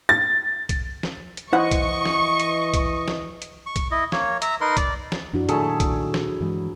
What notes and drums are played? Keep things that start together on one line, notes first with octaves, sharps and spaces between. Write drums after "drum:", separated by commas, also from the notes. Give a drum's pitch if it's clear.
A6
drum: kick B1, hi-hat
drum: snare
drum: hi-hat
E3 E4 C5 D#5 F#5 C#6
drum: kick B1, hi-hat
drum: snare
drum: hi-hat
drum: kick B1, hi-hat
drum: snare
drum: hi-hat
C#6
drum: kick B1, hi-hat
E4 D#5
A#3 C#5, drum: snare
E5 A#5, drum: hi-hat
D#4 A#4 B4 C6
D5, drum: kick B1, hi-hat
drum: snare
F#2 F3 D4 E4 F#4
A#2 D#3 F#3 A3 G#4 A4 B5, drum: hi-hat
drum: kick B1, hi-hat
drum: snare
G2 E3 G#3